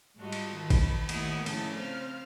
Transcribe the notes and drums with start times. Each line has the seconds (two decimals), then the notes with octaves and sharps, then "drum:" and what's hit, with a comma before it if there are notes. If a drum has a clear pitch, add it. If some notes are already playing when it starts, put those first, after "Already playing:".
0.17 G#2 G3 F4 F#4 A4 D#5
0.32 drum: cymbal
0.56 D#3 A4 B5
0.70 drum: kick A1, cymbal
1.09 D#2 A2 E4 F#5 D#6 G#6, drum: cymbal
1.46 A2 C#3 F3 D4 E4 A4, drum: cymbal
1.76 C4 C5 F5 F6